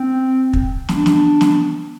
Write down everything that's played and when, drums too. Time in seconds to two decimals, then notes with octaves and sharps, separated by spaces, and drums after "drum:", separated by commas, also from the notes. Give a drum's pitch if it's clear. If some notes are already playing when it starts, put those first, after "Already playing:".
Already playing: C4
0.53 drum: kick
0.89 D4, drum: snare
1.06 drum: snare
1.41 drum: snare